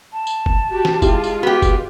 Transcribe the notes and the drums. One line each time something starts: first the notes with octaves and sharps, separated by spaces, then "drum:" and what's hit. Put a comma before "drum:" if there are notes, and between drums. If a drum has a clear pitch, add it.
A5
drum: tambourine
drum: kick F#1
F#4 G4
drum: snare
G#3 E4 F4 G4, drum: kick F#1, tambourine
drum: tambourine
B3 F#4 G4
drum: kick F#1, tambourine